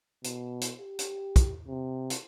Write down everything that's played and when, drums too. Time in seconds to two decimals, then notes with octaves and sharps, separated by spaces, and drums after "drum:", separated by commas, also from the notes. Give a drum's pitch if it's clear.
0.24 B2, drum: hi-hat
0.61 drum: hi-hat
0.80 G4
0.99 drum: hi-hat
1.36 drum: kick, hi-hat
1.68 C3
2.10 drum: hi-hat